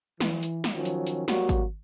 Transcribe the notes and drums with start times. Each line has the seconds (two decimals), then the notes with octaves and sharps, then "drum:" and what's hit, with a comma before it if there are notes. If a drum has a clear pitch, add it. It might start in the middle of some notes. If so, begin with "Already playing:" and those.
0.20 E3, drum: snare
0.43 drum: hi-hat
0.64 drum: snare
0.75 D#3 F3 F#3 C#4
0.85 drum: hi-hat
1.07 drum: hi-hat
1.28 F#3 G3 A#3 F#4, drum: snare
1.49 drum: kick G#1, hi-hat